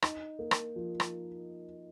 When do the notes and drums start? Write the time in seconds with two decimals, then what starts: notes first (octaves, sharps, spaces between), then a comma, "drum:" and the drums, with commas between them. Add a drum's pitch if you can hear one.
0.02 D#4, drum: rim click
0.39 A#3
0.51 drum: rim click
0.76 F3
1.00 drum: rim click